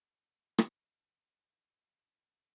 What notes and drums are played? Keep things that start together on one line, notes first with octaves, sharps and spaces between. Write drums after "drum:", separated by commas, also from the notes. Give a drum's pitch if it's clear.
drum: rim click
F4 G4
C3 C4